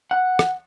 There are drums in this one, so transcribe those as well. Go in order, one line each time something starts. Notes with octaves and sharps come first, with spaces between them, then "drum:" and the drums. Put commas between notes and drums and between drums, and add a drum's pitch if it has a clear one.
F#5
drum: rim click